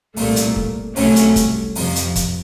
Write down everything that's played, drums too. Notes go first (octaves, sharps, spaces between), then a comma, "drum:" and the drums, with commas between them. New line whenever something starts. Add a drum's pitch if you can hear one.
C2 A#2 A3, drum: open hi-hat
drum: hi-hat
drum: kick
C2 C3 F#3 A3 C#4, drum: open hi-hat
drum: hi-hat
drum: kick, hi-hat
F2 C3 F3, drum: open hi-hat
drum: hi-hat
drum: kick, hi-hat